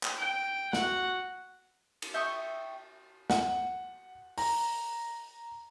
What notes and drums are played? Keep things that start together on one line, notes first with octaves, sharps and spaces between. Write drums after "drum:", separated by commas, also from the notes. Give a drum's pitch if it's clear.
drum: clap
G5
F#4 F#5, drum: snare
drum: cymbal
E5 G5 C#6 D#6
F#5, drum: snare
A#5, drum: open hi-hat